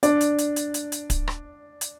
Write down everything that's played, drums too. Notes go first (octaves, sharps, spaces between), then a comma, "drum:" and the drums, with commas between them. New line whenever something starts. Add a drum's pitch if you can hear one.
D4 D5, drum: hi-hat
drum: hi-hat
drum: hi-hat
drum: hi-hat
drum: hi-hat
drum: hi-hat
drum: kick D1, hi-hat
drum: rim click
drum: hi-hat